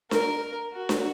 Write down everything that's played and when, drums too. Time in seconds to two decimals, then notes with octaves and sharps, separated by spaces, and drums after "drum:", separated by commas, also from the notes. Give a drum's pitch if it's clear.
0.11 A#4, drum: snare D4
0.73 F#4
0.89 drum: snare D4